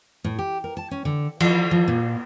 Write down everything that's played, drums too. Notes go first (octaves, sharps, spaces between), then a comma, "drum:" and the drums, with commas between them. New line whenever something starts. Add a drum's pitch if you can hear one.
A2
G4
A#4
A5
C#4
D3
F3, drum: cymbal
F3
A#2